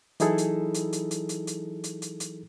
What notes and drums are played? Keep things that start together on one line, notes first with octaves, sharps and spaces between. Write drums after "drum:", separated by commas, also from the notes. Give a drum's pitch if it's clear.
E3 F#3 D#4 E4 G#4 A4, drum: hi-hat
drum: hi-hat
drum: hi-hat
drum: hi-hat
drum: hi-hat
drum: hi-hat
drum: hi-hat
drum: hi-hat
drum: hi-hat
drum: hi-hat